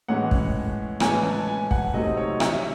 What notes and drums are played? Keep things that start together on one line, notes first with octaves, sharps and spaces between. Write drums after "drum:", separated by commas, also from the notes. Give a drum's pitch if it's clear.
A2 E3 G#3 C#4 F#5
drum: kick
A2 E3 G#3 C#4 G#5, drum: rim click
A5
G#5
F#5, drum: kick
C3 F#3 A3 C4 D#4 D#5
C#5
E5, drum: rim click